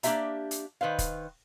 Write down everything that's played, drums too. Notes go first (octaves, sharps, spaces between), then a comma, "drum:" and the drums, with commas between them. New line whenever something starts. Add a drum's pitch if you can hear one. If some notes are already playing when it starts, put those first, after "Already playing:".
A#3 D4 F#4 G4 E5 A#5, drum: hi-hat
drum: hi-hat
D#3 B4 C5 F5
drum: kick, hi-hat